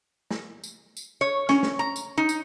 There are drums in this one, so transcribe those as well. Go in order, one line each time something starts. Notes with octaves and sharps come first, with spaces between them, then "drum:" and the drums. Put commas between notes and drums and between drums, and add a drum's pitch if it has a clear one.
drum: snare
drum: tambourine
drum: tambourine
C#5
C#4, drum: snare
drum: snare
A#5
drum: tambourine
D#4
drum: tambourine